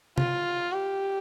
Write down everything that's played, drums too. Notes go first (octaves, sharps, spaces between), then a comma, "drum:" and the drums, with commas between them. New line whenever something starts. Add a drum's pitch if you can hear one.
F4, drum: tom C3
G4